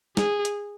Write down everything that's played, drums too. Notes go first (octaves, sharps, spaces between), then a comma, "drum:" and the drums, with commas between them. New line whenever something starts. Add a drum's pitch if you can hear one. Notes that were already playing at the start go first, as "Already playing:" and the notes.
G#4, drum: snare
drum: hi-hat